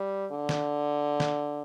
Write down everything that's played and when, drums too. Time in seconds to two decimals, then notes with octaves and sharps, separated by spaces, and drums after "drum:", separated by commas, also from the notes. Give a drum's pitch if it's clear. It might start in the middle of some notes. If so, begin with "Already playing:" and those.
Already playing: G3
0.31 D3
0.49 drum: snare
1.20 drum: snare